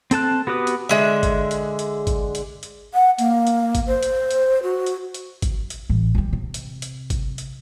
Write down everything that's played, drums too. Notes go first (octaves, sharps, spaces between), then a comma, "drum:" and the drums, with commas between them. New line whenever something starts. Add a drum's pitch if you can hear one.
C4 A4 A5 F#6, drum: hi-hat
B3 F#4 G4 B4 D#6
drum: hi-hat
D3 G#3 E5
drum: kick, hi-hat
drum: hi-hat
drum: hi-hat
drum: kick, hi-hat
drum: hi-hat
drum: hi-hat
F#5
A#3, drum: hi-hat
drum: hi-hat
drum: kick, hi-hat
C5
drum: hi-hat
drum: hi-hat
F#4
drum: hi-hat
drum: hi-hat
drum: kick, hi-hat
drum: hi-hat
A1
F#3 G3
C3
drum: hi-hat
drum: hi-hat
drum: kick, hi-hat
drum: hi-hat